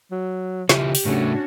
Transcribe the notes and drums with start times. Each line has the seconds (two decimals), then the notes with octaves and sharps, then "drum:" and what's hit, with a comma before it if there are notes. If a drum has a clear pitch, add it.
0.11 F#3
0.69 C#3 E4 F4 G4, drum: snare
0.95 drum: open hi-hat
1.05 A2 C#3 A3 C#4 D4 F#4